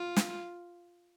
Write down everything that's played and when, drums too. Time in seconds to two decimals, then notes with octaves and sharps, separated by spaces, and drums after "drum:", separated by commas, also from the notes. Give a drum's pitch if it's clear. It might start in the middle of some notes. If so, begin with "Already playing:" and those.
Already playing: F4
0.17 drum: snare